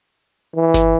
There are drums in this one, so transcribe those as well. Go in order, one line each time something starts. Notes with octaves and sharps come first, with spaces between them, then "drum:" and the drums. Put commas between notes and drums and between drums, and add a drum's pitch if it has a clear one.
E3
drum: snare G1